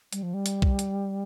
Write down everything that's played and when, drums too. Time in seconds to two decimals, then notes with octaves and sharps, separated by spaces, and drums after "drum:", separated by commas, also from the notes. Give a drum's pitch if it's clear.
0.13 G3, drum: hi-hat
0.23 F3
0.34 G3
0.46 drum: hi-hat
0.62 drum: kick B1
0.79 drum: hi-hat